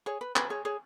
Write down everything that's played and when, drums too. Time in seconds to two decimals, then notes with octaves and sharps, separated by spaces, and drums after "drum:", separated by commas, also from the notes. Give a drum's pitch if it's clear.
0.06 G#4 C#5
0.21 B4
0.36 B4, drum: clap
0.50 G#4 C#5
0.65 G#4 C#5